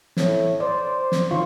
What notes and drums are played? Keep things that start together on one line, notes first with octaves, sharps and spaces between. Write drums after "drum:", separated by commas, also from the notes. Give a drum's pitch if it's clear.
A2, drum: snare
C5 D5
drum: snare
D#3 F4 C6 C#6